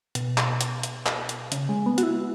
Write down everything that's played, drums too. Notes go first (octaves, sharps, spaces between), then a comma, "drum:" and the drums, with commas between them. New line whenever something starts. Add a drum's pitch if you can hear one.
B2, drum: hi-hat
drum: clap
drum: hi-hat
drum: hi-hat
drum: clap
drum: hi-hat
C#3, drum: hi-hat
G#3
B3
F#4, drum: hi-hat
E4